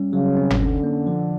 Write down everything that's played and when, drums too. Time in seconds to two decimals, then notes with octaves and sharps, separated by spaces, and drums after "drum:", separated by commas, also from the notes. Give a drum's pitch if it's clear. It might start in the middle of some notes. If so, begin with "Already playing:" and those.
Already playing: G3 C#4
0.12 C#3 F#3
0.37 C4
0.50 drum: tom G1
0.60 D3 C#4
0.84 A#3
1.07 F3